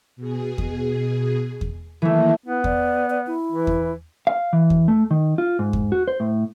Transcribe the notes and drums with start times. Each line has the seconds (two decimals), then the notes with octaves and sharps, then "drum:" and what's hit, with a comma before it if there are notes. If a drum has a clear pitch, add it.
0.16 B2 G#4
0.58 drum: kick E2
1.61 drum: kick E2
2.02 D#3 E3 A3 A#3
2.46 B3 E4
2.64 D5, drum: kick E2
3.10 D5
3.27 E4
3.52 E3
3.67 drum: kick E2
4.27 F5
4.53 E3
4.70 drum: kick E2
4.88 A3
5.11 D#3
5.38 F4
5.59 G#2
5.73 drum: kick E2
5.92 F#4
6.08 C5
6.20 A2